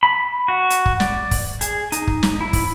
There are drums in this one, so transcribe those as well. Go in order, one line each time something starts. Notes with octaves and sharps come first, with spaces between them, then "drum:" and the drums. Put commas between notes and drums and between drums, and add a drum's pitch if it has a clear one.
B5
F#4
drum: hi-hat
drum: kick
D5, drum: snare
drum: kick, open hi-hat
G#4, drum: hi-hat
D#4, drum: hi-hat
drum: kick
drum: snare
E4
drum: kick, open hi-hat